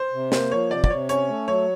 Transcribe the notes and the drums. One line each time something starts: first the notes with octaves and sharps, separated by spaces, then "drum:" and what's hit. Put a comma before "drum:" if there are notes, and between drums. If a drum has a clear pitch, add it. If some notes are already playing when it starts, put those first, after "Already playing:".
Already playing: C5
C3
A#3 C5, drum: snare
F3 C#5
C3 D5
D5, drum: kick
C3 C#5
C#4 C#5, drum: hi-hat
A3
F#3 C#5